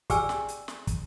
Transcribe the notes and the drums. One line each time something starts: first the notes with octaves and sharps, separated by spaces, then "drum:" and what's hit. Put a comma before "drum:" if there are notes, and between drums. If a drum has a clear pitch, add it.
G4 G#4 D5 G5 G#5 E6, drum: kick, hi-hat
drum: snare
drum: hi-hat
drum: snare
drum: kick, hi-hat